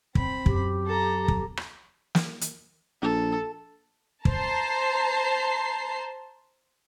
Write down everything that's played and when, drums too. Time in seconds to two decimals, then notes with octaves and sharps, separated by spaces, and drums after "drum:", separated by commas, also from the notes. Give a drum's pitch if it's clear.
0.15 C4 B5, drum: kick
0.46 F#2 F#3 G4, drum: kick
0.86 A4 A#5
1.28 drum: kick
1.57 drum: rim click
2.15 drum: snare
2.41 drum: hi-hat
3.02 A#1 A4
4.25 C5 A5 A#5 C7, drum: kick